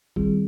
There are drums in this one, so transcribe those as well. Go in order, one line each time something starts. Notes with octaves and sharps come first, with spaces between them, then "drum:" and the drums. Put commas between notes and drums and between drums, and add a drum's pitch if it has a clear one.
D#3 G3 C4 F4 G#4, drum: kick